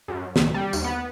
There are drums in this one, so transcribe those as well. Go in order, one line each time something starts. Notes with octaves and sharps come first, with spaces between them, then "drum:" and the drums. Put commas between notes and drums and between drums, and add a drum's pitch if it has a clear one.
F#2
C2, drum: snare
G3
D#2, drum: tambourine
B3